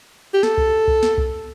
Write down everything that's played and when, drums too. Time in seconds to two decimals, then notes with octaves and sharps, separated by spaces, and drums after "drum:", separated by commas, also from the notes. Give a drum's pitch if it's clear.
0.34 G4
0.43 A4, drum: snare
0.58 drum: kick C2
0.88 drum: kick C2
1.03 drum: snare
1.18 drum: kick C2